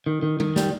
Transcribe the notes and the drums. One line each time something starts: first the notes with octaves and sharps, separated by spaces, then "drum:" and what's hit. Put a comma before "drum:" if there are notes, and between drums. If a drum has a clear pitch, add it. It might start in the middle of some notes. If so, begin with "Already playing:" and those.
D#3
D#3
D#3, drum: tom G3
G3, drum: snare